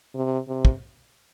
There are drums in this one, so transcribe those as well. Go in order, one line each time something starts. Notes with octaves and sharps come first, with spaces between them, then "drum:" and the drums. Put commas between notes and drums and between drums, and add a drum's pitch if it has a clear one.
C3
C3
drum: kick